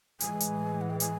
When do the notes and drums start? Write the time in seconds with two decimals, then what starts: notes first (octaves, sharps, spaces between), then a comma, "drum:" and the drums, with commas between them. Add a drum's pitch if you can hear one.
0.20 A2 E3 G#3 G#5, drum: hi-hat
0.40 drum: hi-hat
0.81 F#5
0.90 G5
1.00 G#5, drum: hi-hat